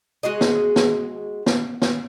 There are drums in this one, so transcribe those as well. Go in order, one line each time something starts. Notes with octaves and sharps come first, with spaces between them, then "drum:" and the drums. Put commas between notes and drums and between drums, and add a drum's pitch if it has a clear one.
G#3 F#4 G#4 D#5
drum: snare
drum: snare
drum: snare
drum: snare